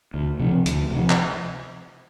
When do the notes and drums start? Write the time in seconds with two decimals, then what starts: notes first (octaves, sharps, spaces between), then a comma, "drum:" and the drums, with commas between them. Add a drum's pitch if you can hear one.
0.14 D2
0.40 C3 F3
0.66 D2, drum: hi-hat
0.91 C3 F3
1.10 drum: clap